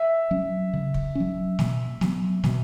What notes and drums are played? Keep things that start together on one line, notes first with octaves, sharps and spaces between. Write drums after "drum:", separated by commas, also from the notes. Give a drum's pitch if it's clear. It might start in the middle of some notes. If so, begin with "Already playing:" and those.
Already playing: E5
F#3 C#4
C#3
drum: kick
F#3 C#4
B2, drum: snare
F#3 B3, drum: snare
B2, drum: snare